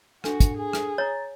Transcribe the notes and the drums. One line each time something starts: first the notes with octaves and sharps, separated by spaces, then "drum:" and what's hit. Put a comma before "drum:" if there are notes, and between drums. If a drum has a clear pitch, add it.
D4 F#4 A4 G#5, drum: rim click
drum: kick, hi-hat
G#4
drum: rim click
C#5 A#5 A6